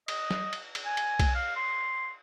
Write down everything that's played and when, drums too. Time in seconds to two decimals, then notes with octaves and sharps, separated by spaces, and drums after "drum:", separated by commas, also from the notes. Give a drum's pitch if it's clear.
0.08 D#5, drum: cymbal
0.31 drum: snare
0.53 drum: cymbal
0.75 drum: cymbal
0.86 G#5
0.97 drum: cymbal
1.19 drum: kick, cymbal
1.35 F5
1.56 C6